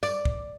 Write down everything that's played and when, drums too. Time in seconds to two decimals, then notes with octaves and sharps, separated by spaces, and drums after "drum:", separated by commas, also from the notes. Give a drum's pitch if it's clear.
0.03 D5, drum: tambourine
0.25 drum: kick